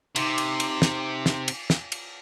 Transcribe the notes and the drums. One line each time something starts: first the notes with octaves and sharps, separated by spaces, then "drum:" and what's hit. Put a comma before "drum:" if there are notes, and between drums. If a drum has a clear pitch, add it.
C3 D#4 C6 D6, drum: cymbal
drum: cymbal
drum: cymbal
drum: snare
drum: snare
drum: cymbal
drum: snare
drum: cymbal